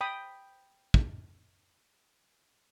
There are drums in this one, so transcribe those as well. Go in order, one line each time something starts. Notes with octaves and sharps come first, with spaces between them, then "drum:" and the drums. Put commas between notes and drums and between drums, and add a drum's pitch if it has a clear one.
G5 B5 D#6
drum: kick